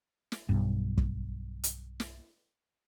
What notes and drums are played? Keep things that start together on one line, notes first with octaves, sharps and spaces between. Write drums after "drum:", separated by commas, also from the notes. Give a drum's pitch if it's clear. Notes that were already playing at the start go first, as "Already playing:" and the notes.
drum: snare
B1 G2
drum: kick
drum: hi-hat
drum: snare